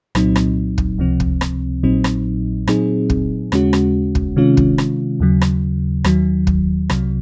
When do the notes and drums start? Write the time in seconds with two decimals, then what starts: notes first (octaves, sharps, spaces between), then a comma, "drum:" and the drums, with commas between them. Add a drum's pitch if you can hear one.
0.15 C2 A#2 F#3 C4 D#4, drum: rim click
0.36 drum: rim click
0.78 drum: kick
0.98 C#2 C3 F3 C4
1.20 drum: kick
1.41 drum: rim click
1.83 A#1 A#2 F#3 C4 D#4
2.04 drum: rim click
2.67 A#2 F#3 C4 D#4 G#4, drum: rim click
3.10 drum: kick
3.52 D#2 C#3 G#3 C#4 F#4, drum: rim click
3.73 drum: rim click
4.15 drum: kick
4.36 C3 D#3 G#3 C#4 F4
4.57 drum: kick
4.78 drum: rim click
5.20 D#2 C#3 F#3
5.41 drum: rim click
6.04 D#2 D#3 F#3, drum: rim click
6.47 drum: kick
6.90 C2 C3 F#3, drum: rim click